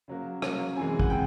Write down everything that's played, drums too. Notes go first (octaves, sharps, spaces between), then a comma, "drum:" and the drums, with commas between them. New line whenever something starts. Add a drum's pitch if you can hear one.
C#3 F#3 A#3
C#3 F#3 A#3, drum: rim click
C3 E3 G#3 G#5
F#5, drum: kick
C3 G5